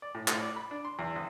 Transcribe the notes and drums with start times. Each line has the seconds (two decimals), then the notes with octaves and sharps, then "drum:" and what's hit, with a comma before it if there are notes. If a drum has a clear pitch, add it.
0.02 D5
0.15 A2
0.28 A2, drum: clap
0.41 D5
0.56 B5
0.71 D4
0.85 C6
0.99 E2
1.16 G#1